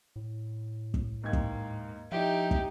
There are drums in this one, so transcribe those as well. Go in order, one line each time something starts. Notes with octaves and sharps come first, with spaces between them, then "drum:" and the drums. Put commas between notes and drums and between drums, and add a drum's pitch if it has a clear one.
A2
drum: kick
D#2 G#2 A#3 G#6
drum: kick
F3 D#4 E4 G4 D5 E5
drum: kick